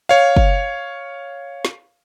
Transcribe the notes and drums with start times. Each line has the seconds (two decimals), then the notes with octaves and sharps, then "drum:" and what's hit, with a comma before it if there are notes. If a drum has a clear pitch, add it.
0.09 C#5 F5
0.37 drum: kick F#1
1.65 drum: snare